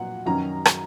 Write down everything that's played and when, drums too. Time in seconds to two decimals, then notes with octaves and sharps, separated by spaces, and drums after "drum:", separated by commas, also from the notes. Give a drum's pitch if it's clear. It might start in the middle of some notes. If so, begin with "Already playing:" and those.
Already playing: A#2 F#3 F#5
0.26 F#2 D#3 F#3 C#4 A#5
0.65 drum: rim click